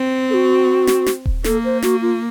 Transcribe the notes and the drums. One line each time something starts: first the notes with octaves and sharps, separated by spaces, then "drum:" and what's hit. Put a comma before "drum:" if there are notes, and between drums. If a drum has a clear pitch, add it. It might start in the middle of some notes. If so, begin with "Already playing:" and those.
Already playing: C4
A4
F#4
drum: snare
drum: snare
drum: kick D#1
A#3 A4, drum: snare
C5
F#4, drum: snare
F4